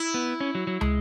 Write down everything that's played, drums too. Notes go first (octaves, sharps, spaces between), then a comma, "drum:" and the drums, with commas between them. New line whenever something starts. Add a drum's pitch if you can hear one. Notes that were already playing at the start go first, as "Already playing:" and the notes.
Already playing: E4
B3
C#4
F#3
F#3
G#3, drum: tom